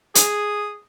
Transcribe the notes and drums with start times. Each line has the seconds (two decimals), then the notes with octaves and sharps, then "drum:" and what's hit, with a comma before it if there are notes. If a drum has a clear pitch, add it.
0.15 G#4 D#6, drum: hi-hat